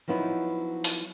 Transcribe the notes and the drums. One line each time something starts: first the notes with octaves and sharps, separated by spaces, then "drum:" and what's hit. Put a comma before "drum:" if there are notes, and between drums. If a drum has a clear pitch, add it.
F3 F#3 B3 D#4 E4
drum: open hi-hat